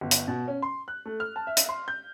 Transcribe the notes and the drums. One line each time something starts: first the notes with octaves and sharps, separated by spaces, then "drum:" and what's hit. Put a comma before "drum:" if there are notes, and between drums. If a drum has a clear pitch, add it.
G1
drum: hi-hat
B2
C#4
C6
F#6
A3
F6
A5
E5
drum: hi-hat
C6
G6